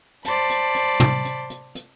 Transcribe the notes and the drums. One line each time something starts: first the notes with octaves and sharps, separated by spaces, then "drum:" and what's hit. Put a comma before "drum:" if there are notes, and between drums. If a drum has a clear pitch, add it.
C5 D5 A5 B5, drum: hi-hat
drum: hi-hat
drum: hi-hat
drum: tom
drum: hi-hat
drum: hi-hat
drum: hi-hat